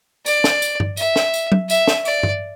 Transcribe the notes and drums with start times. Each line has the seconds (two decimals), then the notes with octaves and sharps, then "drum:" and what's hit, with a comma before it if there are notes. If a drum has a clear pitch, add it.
0.26 D5, drum: tambourine
0.44 drum: snare
0.62 drum: tambourine
0.80 drum: tom G2
0.97 E5, drum: tambourine
1.16 drum: snare
1.34 drum: tambourine
1.52 drum: tom
1.70 E5, drum: tambourine
1.88 drum: snare
2.05 D5, drum: tambourine
2.23 drum: tom G2